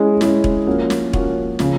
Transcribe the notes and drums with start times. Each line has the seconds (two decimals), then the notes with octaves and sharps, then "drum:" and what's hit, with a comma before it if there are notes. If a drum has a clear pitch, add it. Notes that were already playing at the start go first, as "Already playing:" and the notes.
Already playing: G#3 C#4 E4 G#4
0.21 G#3 C#4 E4 G#4, drum: snare
0.44 drum: kick E1
0.67 F3 A#3 C#4 F#4
0.90 drum: snare
1.13 F3 A#3 C#4 F#4, drum: kick E1
1.59 C#3 F3, drum: snare